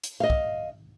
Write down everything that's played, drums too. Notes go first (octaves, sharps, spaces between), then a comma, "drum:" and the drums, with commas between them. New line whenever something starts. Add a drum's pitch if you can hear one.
drum: hi-hat
D#5 F5
drum: kick